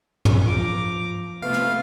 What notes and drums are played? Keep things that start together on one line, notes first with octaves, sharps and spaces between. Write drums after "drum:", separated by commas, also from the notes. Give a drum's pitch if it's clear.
drum: tom
F3 F4 A#5 D6
C3 A3 B3 F4 B4 F5
drum: rim click